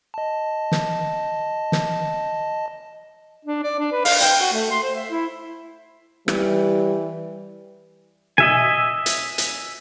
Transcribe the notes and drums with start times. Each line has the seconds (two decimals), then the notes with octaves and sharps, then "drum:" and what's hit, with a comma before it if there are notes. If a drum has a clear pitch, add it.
0.14 D#5 A5
0.72 drum: snare
1.72 drum: snare
3.45 D4
3.63 D5
3.79 D4
3.92 B4
4.05 F5, drum: open hi-hat
4.20 G5, drum: hi-hat
4.41 F#4
4.53 A3
4.71 C6
4.83 C5
4.94 E5
5.10 E4
6.28 E3 G3, drum: rim click
8.38 D#5 E5 G#5, drum: tom B2
9.06 drum: hi-hat
9.38 drum: hi-hat